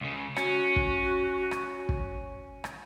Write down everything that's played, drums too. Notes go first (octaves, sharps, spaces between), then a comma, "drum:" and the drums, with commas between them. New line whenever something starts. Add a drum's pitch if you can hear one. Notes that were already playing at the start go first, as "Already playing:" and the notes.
C#2 C#3
C#4 F#4, drum: rim click
drum: kick
drum: rim click
drum: kick
drum: rim click